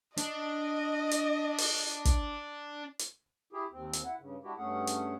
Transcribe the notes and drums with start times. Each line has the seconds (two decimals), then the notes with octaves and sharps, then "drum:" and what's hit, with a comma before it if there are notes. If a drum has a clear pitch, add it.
0.17 D4 D#5, drum: hi-hat
1.11 drum: hi-hat
1.58 drum: open hi-hat
2.05 drum: kick, hi-hat
2.99 drum: hi-hat
3.53 E4 G4 G#4
3.72 D#2 C4
3.93 drum: hi-hat
4.04 E4 F#5
4.19 G2 C#3
4.43 G#3 D4 E4 F#4 G4
4.57 G2 A3 C#4 G#4 F#5
4.87 drum: hi-hat